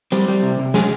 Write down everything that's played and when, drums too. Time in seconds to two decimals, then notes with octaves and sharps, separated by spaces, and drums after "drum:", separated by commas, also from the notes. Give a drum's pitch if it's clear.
0.12 G3 C4, drum: hi-hat
0.28 G3
0.43 C3
0.59 C3
0.74 G#3 G#4, drum: snare